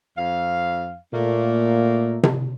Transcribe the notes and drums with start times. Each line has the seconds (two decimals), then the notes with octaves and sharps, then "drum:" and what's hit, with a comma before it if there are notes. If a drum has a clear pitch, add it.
0.18 F2 F5
1.13 A#2 A3 A#3
2.23 drum: tom C3